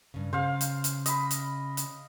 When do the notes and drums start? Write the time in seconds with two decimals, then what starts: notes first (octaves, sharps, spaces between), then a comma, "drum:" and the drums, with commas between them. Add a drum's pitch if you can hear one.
0.14 G2 C#3
0.33 C#3 C5 F5
0.61 drum: hi-hat
0.84 drum: hi-hat
1.06 D#5 B5, drum: hi-hat
1.31 drum: hi-hat
1.77 drum: hi-hat